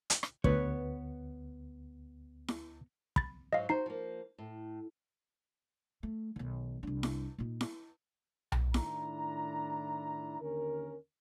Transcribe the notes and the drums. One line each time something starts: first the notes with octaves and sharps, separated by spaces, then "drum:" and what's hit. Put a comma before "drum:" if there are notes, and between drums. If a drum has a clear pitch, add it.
drum: hi-hat
drum: rim click
D2 B3 B4 C#5, drum: kick
drum: snare E4
B5 A6, drum: kick
G#2 F#3 D#5 F5
D#4 F#4 C5 C7
F3 A#3
A2
A3
B1 D#3
C2 D4
drum: snare E4
A#2 D#4
drum: snare E4
drum: tom B1
A2 D#3 D4 E4 A#5, drum: snare E4
D#2 D3 C#4 A#4